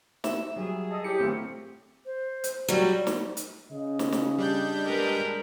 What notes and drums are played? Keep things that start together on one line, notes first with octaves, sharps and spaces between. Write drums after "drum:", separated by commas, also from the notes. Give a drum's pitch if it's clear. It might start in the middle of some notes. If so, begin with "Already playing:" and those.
E5, drum: snare
F#3 G3 G#4
A4 D#5 A5 D#6
E4 G4 C#5 C#7
A#2 D3 F3 F#3 A3 C4
C5
drum: hi-hat
F#3 G3 D5
drum: snare
drum: hi-hat
C#3 D#5
drum: snare
drum: snare
G3 D4 G6
G#3 A#4 B4